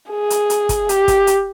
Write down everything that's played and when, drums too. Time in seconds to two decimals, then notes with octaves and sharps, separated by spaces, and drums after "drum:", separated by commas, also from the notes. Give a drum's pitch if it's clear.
0.10 G#4
0.30 drum: hi-hat
0.50 drum: hi-hat
0.69 drum: kick, hi-hat
0.89 G4, drum: hi-hat
1.08 drum: kick, hi-hat
1.27 drum: hi-hat